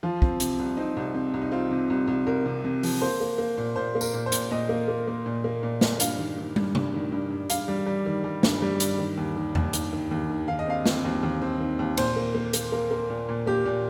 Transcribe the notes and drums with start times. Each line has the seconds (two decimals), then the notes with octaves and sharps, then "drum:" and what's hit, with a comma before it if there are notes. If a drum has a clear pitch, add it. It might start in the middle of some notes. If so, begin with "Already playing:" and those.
0.03 F3 F4
0.22 C4, drum: kick
0.40 C3, drum: hi-hat
0.59 C2
0.77 C4 D#4
0.97 C2
1.15 C4
1.34 C2
1.42 D#4
1.51 C4 F4
1.71 C3
1.90 C2
2.07 C2
2.27 C2 A#4
2.46 C3
2.64 C3
2.83 F3, drum: open hi-hat
3.01 A#3 C5
3.21 A#3
3.38 A#3
3.58 A#2
3.76 A#2 C5
3.95 A#3
4.01 A#4, drum: tambourine
4.13 A#2
4.26 C5
4.32 A#2, drum: hi-hat
4.51 A#2 D#5
4.69 A#3
4.88 A#3
5.07 A#3
5.26 A#2
5.44 A#3
5.63 A#2
5.81 A#2, drum: snare
6.00 G2 F5, drum: hi-hat
6.18 D#3
6.37 D#3
6.56 G2, drum: tom
6.75 G2, drum: tom C3
6.94 D#3
7.12 G2
7.31 G2
7.50 G2 F5, drum: hi-hat
7.68 G3
7.86 G3
8.06 D#3
8.24 G3
8.43 G2, drum: snare
8.62 G3
8.80 G2, drum: hi-hat
8.98 D#3
9.17 D#2
9.36 D#3
9.55 D#2, drum: tom E2
9.73 D#3, drum: hi-hat
9.93 D#3
10.11 D#2
10.30 D#3
10.48 D#3 F5
10.59 D#5
10.66 C4 F5
10.86 C4, drum: snare
11.04 D#2
11.23 D#2
11.42 C4
11.60 D#3
11.79 D#2
11.97 A#2 C5, drum: cymbal
12.16 A#3
12.35 A#3
12.53 A#3, drum: hi-hat
12.72 A#3 A#4
12.91 A#3
13.10 A#2
13.29 A#2
13.47 A#3 G4
13.65 A#2